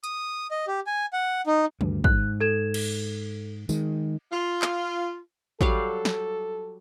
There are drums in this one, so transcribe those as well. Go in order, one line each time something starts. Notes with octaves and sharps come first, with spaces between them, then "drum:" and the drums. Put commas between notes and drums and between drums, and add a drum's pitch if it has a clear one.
D#6, drum: hi-hat
D#5
G4
G#5
F#5
D#4
D2 G2, drum: tom D#3
G#2 F#6, drum: kick
A4 G#6 E7
drum: cymbal
D#3 G#3, drum: tambourine
F4
drum: clap
F#3 G3 A4 F5, drum: kick
drum: snare